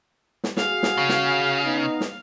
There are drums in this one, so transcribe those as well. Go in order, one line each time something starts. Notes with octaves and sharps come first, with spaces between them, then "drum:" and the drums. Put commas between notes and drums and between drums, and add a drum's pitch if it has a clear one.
drum: snare
F#4 G#4 F5, drum: snare
drum: snare
C#3
drum: snare
B3 D#4 D#5
drum: snare